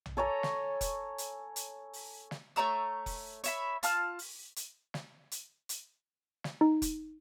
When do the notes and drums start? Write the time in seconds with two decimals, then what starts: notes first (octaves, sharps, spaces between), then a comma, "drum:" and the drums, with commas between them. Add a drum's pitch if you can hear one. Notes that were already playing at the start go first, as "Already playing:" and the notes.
0.06 drum: tom A#1
0.17 A4 C#5 G#5 A#5
0.43 drum: snare
0.81 drum: kick F1, hi-hat
1.18 drum: hi-hat
1.56 drum: hi-hat
1.93 drum: open hi-hat
2.31 drum: snare
2.56 A3 C#5 A#5 E6
3.06 drum: kick F1, open hi-hat
3.44 C#5 E5 B5, drum: hi-hat
3.83 F4 A5 F6, drum: hi-hat
4.19 drum: open hi-hat
4.56 drum: hi-hat
4.94 drum: snare
5.31 drum: hi-hat
5.69 drum: hi-hat
6.44 drum: snare
6.61 D#4
6.82 drum: kick F1, hi-hat